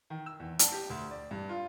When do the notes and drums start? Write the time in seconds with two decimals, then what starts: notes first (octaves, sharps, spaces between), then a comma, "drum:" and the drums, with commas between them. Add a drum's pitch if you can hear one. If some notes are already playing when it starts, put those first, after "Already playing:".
0.10 D#3
0.26 E6
0.40 E2
0.59 A5, drum: hi-hat
0.72 G4
0.90 D2
1.11 D5
1.31 G2
1.49 F4